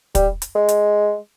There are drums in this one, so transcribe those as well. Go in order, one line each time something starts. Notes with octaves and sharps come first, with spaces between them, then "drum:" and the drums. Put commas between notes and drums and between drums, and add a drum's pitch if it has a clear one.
G3, drum: kick, hi-hat
drum: hi-hat
G#3
drum: hi-hat